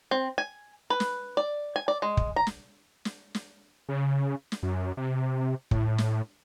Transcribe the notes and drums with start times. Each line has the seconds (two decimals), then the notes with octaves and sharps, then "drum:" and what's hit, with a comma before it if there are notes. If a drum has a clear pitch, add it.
0.11 C4
0.38 G#5
0.90 B4
1.00 drum: snare
1.37 D5
1.76 G#5
1.88 D5
2.02 G#3
2.17 drum: kick
2.36 A#5
2.47 drum: snare
3.05 drum: snare
3.35 drum: snare
3.89 C#3
4.52 drum: snare
4.63 F#2
4.97 C3
5.71 A2, drum: kick
5.98 drum: snare